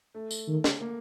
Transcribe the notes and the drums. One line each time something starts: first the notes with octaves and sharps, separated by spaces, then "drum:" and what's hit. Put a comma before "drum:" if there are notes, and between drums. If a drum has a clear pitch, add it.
A3
drum: tambourine
D#3
drum: snare
A#3